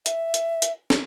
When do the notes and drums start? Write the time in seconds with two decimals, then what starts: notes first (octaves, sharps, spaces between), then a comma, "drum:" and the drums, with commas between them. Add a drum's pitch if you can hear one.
0.06 E5, drum: hi-hat
0.34 drum: hi-hat
0.62 drum: hi-hat
0.90 drum: snare